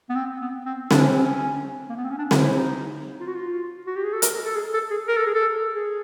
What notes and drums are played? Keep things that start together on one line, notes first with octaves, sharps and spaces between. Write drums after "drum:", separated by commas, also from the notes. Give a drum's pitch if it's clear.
B3
C4
B3
C4
D4, drum: snare C4
C#4
C4
C#4
A#3
B3
C4
C#4
D4
D#4, drum: snare C4
E4
D#4
F4
F#4
F4
F#4
G4
G#4
A4
A#4, drum: hi-hat
A4
G#4
A4
G#4
A#4
A4
G#4
A4
G#4